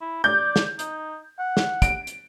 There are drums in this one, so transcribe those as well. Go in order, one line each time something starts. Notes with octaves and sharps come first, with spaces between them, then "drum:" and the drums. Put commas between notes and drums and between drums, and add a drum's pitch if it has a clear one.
E4
D5 G6
drum: snare
D#4, drum: hi-hat
F#5
drum: snare
D7, drum: kick, hi-hat
drum: hi-hat